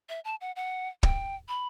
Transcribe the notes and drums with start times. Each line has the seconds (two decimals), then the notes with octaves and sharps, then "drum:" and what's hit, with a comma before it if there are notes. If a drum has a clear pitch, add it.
0.09 E5
0.25 A5
0.41 F#5
0.56 F#5
1.03 G5, drum: kick
1.48 B5